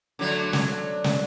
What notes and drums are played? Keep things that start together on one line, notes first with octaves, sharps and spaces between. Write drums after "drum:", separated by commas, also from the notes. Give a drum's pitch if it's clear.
D3 F#3 A3
drum: snare
drum: snare